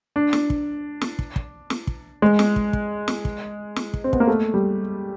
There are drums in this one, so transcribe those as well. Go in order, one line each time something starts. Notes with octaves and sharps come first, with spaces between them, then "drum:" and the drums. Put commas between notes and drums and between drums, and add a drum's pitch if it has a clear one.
D4
drum: snare
drum: kick
drum: snare
drum: kick
drum: kick
drum: snare
drum: kick
G#3
drum: snare
drum: kick
drum: kick
drum: snare
drum: kick
drum: snare
drum: kick
C4
B3, drum: kick
A#3
A3
G3